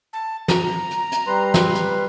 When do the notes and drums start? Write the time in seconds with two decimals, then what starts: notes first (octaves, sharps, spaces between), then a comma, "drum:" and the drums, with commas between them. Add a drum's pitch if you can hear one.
0.13 A5
0.48 A#5, drum: snare
0.91 drum: hi-hat
1.12 drum: hi-hat
1.27 G3 B4 C6
1.54 drum: snare
1.75 drum: hi-hat